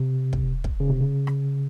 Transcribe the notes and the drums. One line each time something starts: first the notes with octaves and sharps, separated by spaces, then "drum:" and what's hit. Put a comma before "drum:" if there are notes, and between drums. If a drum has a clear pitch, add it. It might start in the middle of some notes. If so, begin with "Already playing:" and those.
Already playing: C3
drum: kick
drum: kick
C#3
C3
C#3
drum: rim click